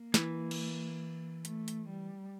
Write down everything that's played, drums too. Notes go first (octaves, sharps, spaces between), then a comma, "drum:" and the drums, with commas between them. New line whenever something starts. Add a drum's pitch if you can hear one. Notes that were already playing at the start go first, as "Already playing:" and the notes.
Already playing: A#3
E3, drum: snare
drum: cymbal
A3, drum: hi-hat
drum: hi-hat
G3